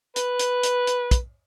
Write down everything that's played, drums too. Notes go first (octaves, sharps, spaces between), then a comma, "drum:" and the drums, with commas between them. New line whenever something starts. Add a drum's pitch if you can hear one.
B4, drum: hi-hat
drum: hi-hat
drum: hi-hat
drum: hi-hat
drum: kick, hi-hat